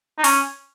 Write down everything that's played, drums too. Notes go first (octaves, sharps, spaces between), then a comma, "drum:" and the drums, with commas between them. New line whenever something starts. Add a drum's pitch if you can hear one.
D#4
C#4, drum: open hi-hat